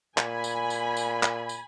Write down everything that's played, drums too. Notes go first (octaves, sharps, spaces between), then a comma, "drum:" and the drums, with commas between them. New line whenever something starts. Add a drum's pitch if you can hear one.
A#2 G#5 B5, drum: clap
drum: tambourine
drum: tambourine
drum: tambourine
drum: clap
drum: tambourine